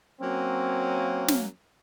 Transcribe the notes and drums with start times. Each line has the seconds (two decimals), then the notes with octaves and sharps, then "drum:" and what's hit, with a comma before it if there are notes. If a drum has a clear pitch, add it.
0.21 F#3 A#3 C4 C#4
1.28 drum: snare